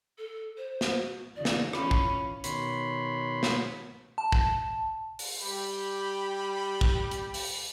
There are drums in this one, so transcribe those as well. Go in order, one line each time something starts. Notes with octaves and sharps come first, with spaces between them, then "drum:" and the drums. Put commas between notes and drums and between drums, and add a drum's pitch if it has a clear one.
A4
C5
drum: snare
F#4
E2 C#3 D#4 D5
drum: snare
E3 C#4 F4 B5, drum: rim click
drum: kick
B2 D#3 C#5 B5 C6, drum: hi-hat
drum: snare
A5
drum: kick
drum: open hi-hat
G3 G4 G5 B5
drum: kick
drum: hi-hat
drum: open hi-hat